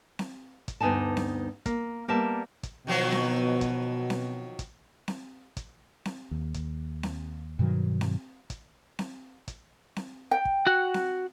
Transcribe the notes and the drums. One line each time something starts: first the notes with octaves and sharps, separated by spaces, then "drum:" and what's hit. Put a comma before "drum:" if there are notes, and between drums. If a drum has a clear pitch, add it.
drum: snare C4
drum: kick, hi-hat
D2 G2 B3 D#4 G#5 A5
drum: snare C4
A#3, drum: kick, hi-hat
G3 A#3 B3 E5 A5
drum: kick, hi-hat
B2 D#3 F3 F#3
drum: snare C4
drum: kick, hi-hat
drum: snare C4
drum: kick, hi-hat
drum: snare C4
drum: kick, hi-hat
drum: snare C4
D#2
drum: kick, hi-hat
drum: snare C4
G2 B2 D#3 F#3
drum: snare C4
drum: kick, hi-hat
drum: snare C4
drum: kick, hi-hat
drum: snare C4
G5
drum: kick
F#4 F#5
drum: snare C4